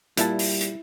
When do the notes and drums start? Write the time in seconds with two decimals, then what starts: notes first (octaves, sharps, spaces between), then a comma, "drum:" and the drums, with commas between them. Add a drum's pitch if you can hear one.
0.17 A#2 G3 E4 A5, drum: hi-hat
0.39 drum: open hi-hat
0.61 drum: hi-hat